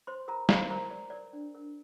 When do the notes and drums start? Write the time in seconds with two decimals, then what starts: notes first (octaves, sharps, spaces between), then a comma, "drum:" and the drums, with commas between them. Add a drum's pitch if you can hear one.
0.07 C5 C6
0.28 F4 A#4 A#5
0.49 F4 C5 C6, drum: snare
0.70 A#4 C5 A#5
0.91 A#4 D5
1.10 A#4 D5
1.33 D4
1.55 A#4